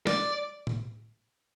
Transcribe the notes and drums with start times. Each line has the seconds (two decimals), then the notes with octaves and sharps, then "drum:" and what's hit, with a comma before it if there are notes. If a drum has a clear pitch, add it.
0.07 D5, drum: snare
0.67 drum: tom A2